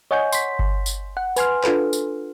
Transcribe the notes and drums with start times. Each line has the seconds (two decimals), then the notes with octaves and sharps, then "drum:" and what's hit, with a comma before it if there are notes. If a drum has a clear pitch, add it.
0.11 C#5 D#5 F#5 G#5 C#6 G6
0.33 C6 B6, drum: tambourine
0.59 drum: kick G1
0.86 drum: tambourine
1.17 F#5
1.36 B4 G#5 C6 F6, drum: tambourine
1.64 D4 F4 A4 B4, drum: clap
1.93 drum: tambourine